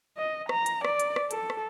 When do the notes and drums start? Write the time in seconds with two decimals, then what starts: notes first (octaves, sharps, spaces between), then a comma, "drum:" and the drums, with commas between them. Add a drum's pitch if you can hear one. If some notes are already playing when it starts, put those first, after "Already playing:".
0.17 D#5
0.49 A#5, drum: rim click
0.66 drum: hi-hat
0.85 D5, drum: rim click
1.00 drum: hi-hat
1.16 drum: rim click
1.31 A4, drum: hi-hat
1.50 drum: rim click